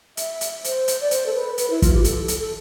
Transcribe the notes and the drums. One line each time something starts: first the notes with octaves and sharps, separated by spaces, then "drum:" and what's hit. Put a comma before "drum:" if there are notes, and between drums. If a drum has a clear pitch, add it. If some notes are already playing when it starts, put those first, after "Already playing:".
E5, drum: hi-hat
drum: hi-hat
C5, drum: hi-hat
drum: hi-hat
D5
C5, drum: hi-hat
A4
B4
B4, drum: hi-hat
E4
F4, drum: kick, hi-hat
G4
A4, drum: hi-hat
drum: hi-hat
A4